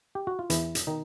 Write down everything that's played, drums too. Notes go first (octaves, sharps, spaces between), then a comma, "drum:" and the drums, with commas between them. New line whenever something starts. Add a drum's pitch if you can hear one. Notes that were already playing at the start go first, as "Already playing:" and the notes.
G4
F#4
F4
E2 E3 E4, drum: hi-hat
drum: hi-hat
B2 D#3 D#4